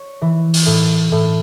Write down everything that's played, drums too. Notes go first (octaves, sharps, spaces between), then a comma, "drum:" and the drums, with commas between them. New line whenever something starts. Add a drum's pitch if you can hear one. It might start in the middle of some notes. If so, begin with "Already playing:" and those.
Already playing: C#5
E3
drum: open hi-hat
A2
A2